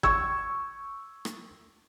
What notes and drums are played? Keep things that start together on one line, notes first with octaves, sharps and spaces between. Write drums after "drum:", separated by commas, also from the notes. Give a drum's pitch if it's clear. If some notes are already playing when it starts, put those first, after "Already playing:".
C#6 E6 G#6, drum: kick
drum: rim click